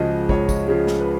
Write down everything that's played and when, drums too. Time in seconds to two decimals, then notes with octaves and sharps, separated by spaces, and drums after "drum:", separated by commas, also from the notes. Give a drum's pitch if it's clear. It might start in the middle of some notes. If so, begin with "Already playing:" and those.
Already playing: C#2 C#3 F3 G#3 F#4 D#5
0.29 C#2 C#5, drum: kick
0.49 drum: kick, tambourine
0.68 C#3 F3 G#3
0.87 drum: snare
1.00 B4